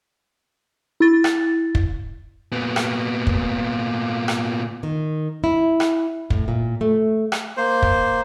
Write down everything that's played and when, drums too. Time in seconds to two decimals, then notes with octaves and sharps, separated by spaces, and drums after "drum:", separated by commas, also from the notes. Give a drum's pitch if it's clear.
1.00 E4 A6
1.24 drum: rim click
1.75 drum: kick
2.52 A#2 B3
2.76 drum: rim click
3.27 drum: kick
4.28 drum: rim click
4.83 D#3
5.44 E4
5.80 drum: rim click
6.30 A2, drum: kick
6.48 A#2
6.81 A3
7.32 drum: rim click
7.57 A#3 C5
7.82 drum: kick